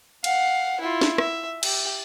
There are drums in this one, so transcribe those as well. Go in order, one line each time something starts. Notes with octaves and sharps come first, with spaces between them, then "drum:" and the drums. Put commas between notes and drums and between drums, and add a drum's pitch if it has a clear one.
F5 F#5, drum: cymbal
E4 F4
drum: snare
E5, drum: rim click
G4, drum: cymbal